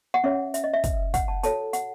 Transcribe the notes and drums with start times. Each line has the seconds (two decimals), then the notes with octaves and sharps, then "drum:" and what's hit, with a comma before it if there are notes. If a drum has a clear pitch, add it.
0.14 F#5
0.24 C#4 G#4 C#5 E5
0.54 E5, drum: hi-hat
0.64 D#5
0.74 E5
0.84 drum: kick, hi-hat
1.14 F#5, drum: kick, hi-hat
1.28 A5
1.43 F#4 A4 C#5 A5, drum: hi-hat
1.73 F#5, drum: hi-hat